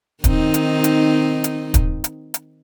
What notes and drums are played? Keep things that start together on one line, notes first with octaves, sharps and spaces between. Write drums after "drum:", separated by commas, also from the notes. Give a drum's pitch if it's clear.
D#3 C4 D#4, drum: kick, hi-hat
drum: hi-hat
drum: hi-hat
drum: hi-hat
drum: kick, hi-hat
drum: hi-hat
drum: hi-hat